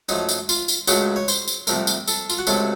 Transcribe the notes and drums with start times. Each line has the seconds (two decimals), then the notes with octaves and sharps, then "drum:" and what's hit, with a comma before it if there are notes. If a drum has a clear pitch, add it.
0.09 F#2 F3 A3 D#4, drum: tambourine
0.29 drum: tambourine
0.49 F4, drum: tambourine
0.68 drum: tambourine
0.87 C#2 C#3 F#3 A3 F#4, drum: tambourine
1.16 C#5
1.28 C5, drum: tambourine
1.48 drum: tambourine
1.67 C2 C3 F3 A3 A#4, drum: tambourine
1.87 drum: tambourine
2.08 A4, drum: tambourine
2.29 F4, drum: tambourine
2.38 F#4
2.47 C#2 C3 F#3 A3 A4, drum: tambourine